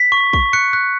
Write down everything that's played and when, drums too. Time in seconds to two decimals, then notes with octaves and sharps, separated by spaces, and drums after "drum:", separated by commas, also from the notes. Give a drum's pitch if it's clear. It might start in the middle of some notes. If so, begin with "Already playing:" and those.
Already playing: B6
0.12 C#6
0.33 C#6, drum: kick
0.53 F#6 C#7
0.73 F#6